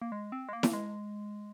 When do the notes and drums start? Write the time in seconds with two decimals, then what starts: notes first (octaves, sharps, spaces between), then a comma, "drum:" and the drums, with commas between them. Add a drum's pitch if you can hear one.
0.02 A#3
0.12 G#3
0.32 C4
0.49 G#3
0.53 A#3
0.63 drum: snare E4
0.73 G#3